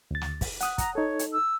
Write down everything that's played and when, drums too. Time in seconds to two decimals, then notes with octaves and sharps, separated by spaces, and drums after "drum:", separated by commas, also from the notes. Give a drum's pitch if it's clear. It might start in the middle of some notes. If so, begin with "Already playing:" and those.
0.11 D2 A6
0.21 drum: snare
0.41 drum: kick, open hi-hat
0.61 F#5 D#6 F#6, drum: hi-hat
0.78 A#5, drum: kick, hi-hat
0.95 D#4 A4 C#5
1.19 drum: hi-hat
1.32 E6